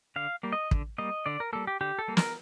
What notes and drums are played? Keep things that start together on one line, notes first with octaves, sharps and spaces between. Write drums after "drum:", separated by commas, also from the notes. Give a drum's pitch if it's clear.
D3 F5
G3 A#3
D#5
D3, drum: kick
G3 A#3 D#5
D3 D5
A#4
G3 A#3 A4
G4
D3 G4
A4
G3 A#3
A#4, drum: snare